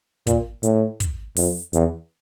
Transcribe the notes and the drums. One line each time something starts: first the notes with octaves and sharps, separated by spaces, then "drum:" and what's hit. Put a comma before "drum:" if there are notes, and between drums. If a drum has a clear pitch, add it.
A#2, drum: kick, hi-hat
A2, drum: hi-hat
drum: kick, hi-hat
F2, drum: open hi-hat
E2, drum: hi-hat